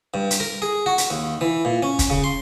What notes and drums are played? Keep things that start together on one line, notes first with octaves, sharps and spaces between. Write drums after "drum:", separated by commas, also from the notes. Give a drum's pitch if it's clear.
G2
drum: hi-hat
A#4
G#4
F#4
drum: hi-hat
D#2
E3
A#2
C#4
drum: kick, hi-hat
C#3
C6